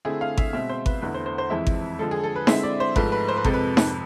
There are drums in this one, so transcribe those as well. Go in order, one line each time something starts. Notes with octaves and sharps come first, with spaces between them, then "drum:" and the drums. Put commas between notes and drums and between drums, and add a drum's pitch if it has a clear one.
D3 A3 C4 E4 G#4
F5
E5, drum: kick G#1
B2 G#3 C4 E5
C5
B4, drum: kick G#1
E2 D3 A3 E4 B4
C5
C5
C5
F2 E3 G#3 C4 E4 E5
drum: kick G#1
D3 F3 G#3 A4
G#4
A4
B4
D3 G#3 C4 E4 E5, drum: snare D#4
D5
C5
G#2 F3 A3 B4, drum: kick G#1
B4
C5
B4
F2 C3 G#3 A4, drum: kick G#1
B4
drum: snare D#4